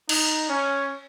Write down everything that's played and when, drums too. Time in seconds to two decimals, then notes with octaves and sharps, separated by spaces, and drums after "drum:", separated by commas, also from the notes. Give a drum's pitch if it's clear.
0.09 D#4, drum: cymbal
0.49 C#4